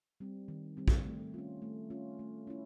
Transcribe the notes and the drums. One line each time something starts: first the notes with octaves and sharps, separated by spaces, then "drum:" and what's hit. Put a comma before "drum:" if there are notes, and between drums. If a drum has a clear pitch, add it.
G3 C4
D#3
G3 C4
drum: kick A#1
A3
C#4 F4
A3
C#4 F4
A3
C#4 E4